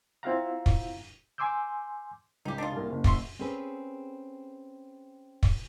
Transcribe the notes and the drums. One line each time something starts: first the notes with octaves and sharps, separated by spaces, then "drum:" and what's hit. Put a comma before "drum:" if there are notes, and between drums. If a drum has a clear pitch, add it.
C4 E4 F4 F5 F#5 A#5
drum: kick
G#5 C6 D6 E6 G6
C#2 D#4 G4
D4 D#4 F4
C2 A#3
F#1
E4 F#4 C6, drum: kick
C4 C#4 G#4 A4 B4
drum: kick